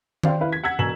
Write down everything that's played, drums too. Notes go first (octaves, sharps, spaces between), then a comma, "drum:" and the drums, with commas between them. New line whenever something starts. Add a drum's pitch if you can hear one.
C5 D5 F5 G5 C6, drum: tom D#3
E4 B4 F5
G#6 B6
F#5 E6 G#6 B6
E1 B2 G#5 A#5 E7 F#7